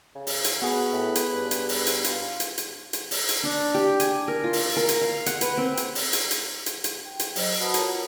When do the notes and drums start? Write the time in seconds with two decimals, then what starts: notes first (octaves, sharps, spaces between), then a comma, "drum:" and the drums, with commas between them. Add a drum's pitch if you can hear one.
0.15 C#3
0.27 drum: open hi-hat
0.44 drum: hi-hat
0.62 B3 F#4 G#4 B4
0.93 A2
1.15 drum: hi-hat
1.33 G2
1.51 drum: hi-hat
1.69 drum: open hi-hat
1.87 drum: hi-hat
2.04 F4, drum: hi-hat
2.40 drum: hi-hat
2.58 drum: hi-hat
2.93 drum: hi-hat
3.11 drum: open hi-hat
3.29 drum: hi-hat
3.43 D4
3.74 G4
4.00 G#5, drum: hi-hat
4.28 A#4
4.44 F4
4.53 drum: open hi-hat
4.77 A#4
4.89 drum: hi-hat
5.01 F5
5.26 F#5, drum: hi-hat
5.41 B4, drum: hi-hat
5.57 C4
5.77 drum: hi-hat
5.95 drum: open hi-hat
6.13 drum: hi-hat
6.31 drum: hi-hat
6.66 drum: hi-hat
6.84 drum: hi-hat
7.05 G5
7.19 drum: hi-hat
7.36 F#3 C5 D#5, drum: open hi-hat
7.60 F#4 B4 F#5 A5 B5 D#6
7.74 F4 A#4 C#5 A5 A#5, drum: hi-hat